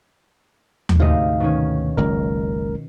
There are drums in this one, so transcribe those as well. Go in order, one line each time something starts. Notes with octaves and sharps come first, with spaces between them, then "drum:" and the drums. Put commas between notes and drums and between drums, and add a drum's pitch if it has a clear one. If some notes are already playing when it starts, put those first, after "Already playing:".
drum: tom D#2
D2 G#2 C3 D#4 D#5 F5
B2 D#3 C#4
F#1 C#2 A#4